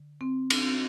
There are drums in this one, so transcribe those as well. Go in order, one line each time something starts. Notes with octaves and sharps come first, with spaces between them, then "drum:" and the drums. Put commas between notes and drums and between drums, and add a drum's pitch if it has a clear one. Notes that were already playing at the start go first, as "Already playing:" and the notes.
Already playing: D3
C4
D4, drum: cymbal
C4